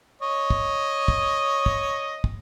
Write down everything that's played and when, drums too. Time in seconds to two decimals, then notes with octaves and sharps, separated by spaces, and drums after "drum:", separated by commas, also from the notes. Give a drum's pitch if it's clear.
0.22 C#5 D#5
0.50 drum: kick
1.08 drum: kick
1.66 drum: kick
2.24 drum: kick